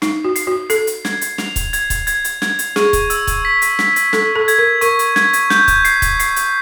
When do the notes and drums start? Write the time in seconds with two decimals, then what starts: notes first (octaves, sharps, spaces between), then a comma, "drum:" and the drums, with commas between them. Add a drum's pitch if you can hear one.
0.02 D#4 C7, drum: snare
0.24 F#4
0.36 C7, drum: hi-hat
0.47 F#4
0.70 A4 C7, drum: hi-hat
0.87 drum: hi-hat
1.05 G#6, drum: snare
1.21 drum: hi-hat
1.38 F7, drum: snare
1.56 drum: kick C#1, hi-hat
1.73 G#6, drum: hi-hat
1.90 drum: kick C#1, hi-hat
2.07 G#6, drum: hi-hat
2.24 drum: hi-hat
2.42 G#6, drum: snare
2.59 drum: hi-hat
2.76 G#4 C#6, drum: snare
2.93 drum: kick C#1, hi-hat
3.10 E6, drum: hi-hat
3.27 drum: kick C#1, hi-hat
3.45 B6
3.62 drum: hi-hat
3.79 B6, drum: snare
3.96 drum: hi-hat
4.13 A4 B6, drum: snare
4.36 A4
4.48 G#6, drum: hi-hat
4.58 A#4
4.81 A#4 C#6, drum: hi-hat
4.99 drum: hi-hat
5.16 G#6, drum: snare
5.33 drum: hi-hat
5.50 G6, drum: snare
5.68 drum: kick C#1, hi-hat
5.85 C7, drum: hi-hat
6.02 drum: kick C#1, hi-hat
6.19 C7, drum: hi-hat
6.36 drum: hi-hat